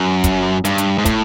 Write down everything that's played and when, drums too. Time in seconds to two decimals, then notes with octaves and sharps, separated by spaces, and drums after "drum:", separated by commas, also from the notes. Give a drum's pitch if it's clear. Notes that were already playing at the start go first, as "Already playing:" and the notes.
Already playing: F#2
0.24 drum: kick, hi-hat
0.65 G2, drum: hi-hat
0.78 drum: hi-hat
0.98 G#2
1.05 A2, drum: kick, hi-hat